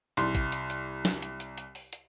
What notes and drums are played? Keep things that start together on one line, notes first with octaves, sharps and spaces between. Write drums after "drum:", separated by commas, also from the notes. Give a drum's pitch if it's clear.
C2 C6, drum: hi-hat
drum: kick, hi-hat
drum: hi-hat
drum: hi-hat
drum: snare
drum: hi-hat
drum: hi-hat
drum: hi-hat
drum: open hi-hat
drum: hi-hat